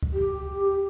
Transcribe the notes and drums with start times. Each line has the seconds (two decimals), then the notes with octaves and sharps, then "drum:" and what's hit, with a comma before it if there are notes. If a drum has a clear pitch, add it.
0.03 drum: kick C#2
0.13 G4